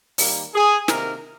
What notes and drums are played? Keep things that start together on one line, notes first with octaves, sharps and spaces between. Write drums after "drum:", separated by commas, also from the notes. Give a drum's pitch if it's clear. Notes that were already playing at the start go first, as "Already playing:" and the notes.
D#3 G3 A#3, drum: open hi-hat
G#4
C3 D#3 A#3 A#4, drum: snare